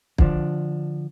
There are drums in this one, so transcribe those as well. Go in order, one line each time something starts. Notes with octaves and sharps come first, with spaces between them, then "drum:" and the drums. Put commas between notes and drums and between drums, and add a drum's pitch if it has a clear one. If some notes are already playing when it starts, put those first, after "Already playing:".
D3 F3 D4, drum: kick